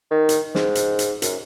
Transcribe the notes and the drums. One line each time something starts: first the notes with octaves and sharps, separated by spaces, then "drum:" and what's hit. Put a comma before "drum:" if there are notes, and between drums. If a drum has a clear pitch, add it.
D#3
drum: hi-hat
G#2, drum: snare
drum: hi-hat
drum: hi-hat
F#2, drum: hi-hat